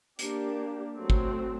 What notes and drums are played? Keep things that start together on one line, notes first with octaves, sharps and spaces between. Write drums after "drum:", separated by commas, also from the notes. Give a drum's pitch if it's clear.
A#3 D4 G4, drum: hi-hat
F#3 A3 C4
drum: kick